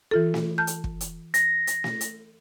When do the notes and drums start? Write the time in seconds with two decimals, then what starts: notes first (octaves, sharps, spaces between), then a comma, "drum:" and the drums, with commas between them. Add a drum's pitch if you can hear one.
0.11 E3 F4 A4
0.34 drum: snare
0.58 A5 F6 G6
0.67 drum: hi-hat
0.84 drum: kick
1.01 drum: hi-hat
1.34 A#6, drum: hi-hat
1.67 drum: hi-hat
1.84 drum: snare
2.01 drum: hi-hat